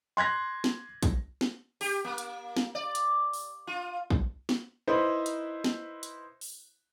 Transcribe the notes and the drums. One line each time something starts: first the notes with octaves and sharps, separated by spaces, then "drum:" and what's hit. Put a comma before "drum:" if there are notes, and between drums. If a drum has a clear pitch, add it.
C6 F#6 G#6 A#6
drum: snare
drum: kick, hi-hat
drum: snare
G4, drum: open hi-hat
A#3
drum: hi-hat
drum: snare
D5
drum: hi-hat
drum: open hi-hat
F4
drum: kick
drum: snare
D#4 E4 B4 C5
drum: hi-hat
drum: snare
drum: hi-hat
drum: open hi-hat